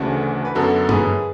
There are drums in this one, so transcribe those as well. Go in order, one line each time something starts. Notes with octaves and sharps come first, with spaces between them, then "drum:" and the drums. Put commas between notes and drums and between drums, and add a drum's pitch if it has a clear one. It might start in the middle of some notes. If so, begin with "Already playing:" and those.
Already playing: D2 C#3 E3 A3 D4 F#4
B4
F#2 D3 F#3 B3 F#4 A4
G#4 B4, drum: tom G2